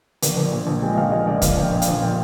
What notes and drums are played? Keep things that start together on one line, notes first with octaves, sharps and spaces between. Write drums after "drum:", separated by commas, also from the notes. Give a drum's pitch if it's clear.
A#1 A#4, drum: hi-hat
A#1
A#2
A#1
G#3 G5
D#5
A#1 F5
G#3 D#5
A#1 D5
A#1 F5, drum: kick, hi-hat
A#1 G5
A#2
F5, drum: hi-hat
A#1
A#2 G5